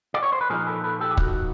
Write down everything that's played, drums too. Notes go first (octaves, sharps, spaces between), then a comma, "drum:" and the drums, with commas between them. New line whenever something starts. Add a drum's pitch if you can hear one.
D5
C#5
C5
B4
A#2 F3 A#3 D#4 G#4 A#4
A4 B4
A4 B4
G4 A4
G4
F#4, drum: kick